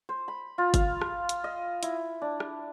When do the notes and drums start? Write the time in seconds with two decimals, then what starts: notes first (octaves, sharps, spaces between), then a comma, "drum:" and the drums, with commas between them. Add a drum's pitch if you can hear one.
0.09 C5
0.28 B5
0.58 F4
0.74 F5, drum: kick G1, hi-hat
1.02 drum: rim click
1.29 drum: hi-hat
1.44 D#5
1.83 E4, drum: hi-hat
2.22 D4
2.40 drum: rim click